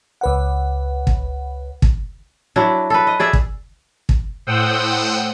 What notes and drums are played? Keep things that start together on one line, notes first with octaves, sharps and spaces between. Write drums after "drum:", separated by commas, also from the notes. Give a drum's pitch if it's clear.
C#2 B4 F#5
drum: kick
drum: kick
F#3 D4 E4
A4 B4
D#5
G#4 D5 E5
drum: kick
drum: kick
A2 C5 F#5 G5 D#6 E6